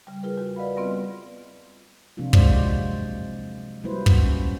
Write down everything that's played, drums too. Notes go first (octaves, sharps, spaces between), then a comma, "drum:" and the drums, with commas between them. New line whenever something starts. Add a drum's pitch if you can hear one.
C#3 G3
F4 G#4 A#4 B4
E2 F#4
B4 D5 D#5 F5 F#5 B5
G3 B3 C4 F4 B4 D#5
C3 F3 A#3 D4 F4
F#3 G#3 F4 F#4 C5 D5, drum: kick
F#3 G3 A#3 E4 B4 C5
C#4 F#4, drum: kick